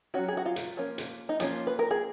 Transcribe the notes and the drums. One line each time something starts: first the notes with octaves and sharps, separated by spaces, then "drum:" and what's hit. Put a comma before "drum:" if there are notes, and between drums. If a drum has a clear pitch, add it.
F#3 C#4 F#4
G#4
F#4
F4
drum: hi-hat
F3 A#3 C#4
drum: hi-hat
D#4
F3 A#3 C#4 F4, drum: hi-hat
B4
A#4
G#4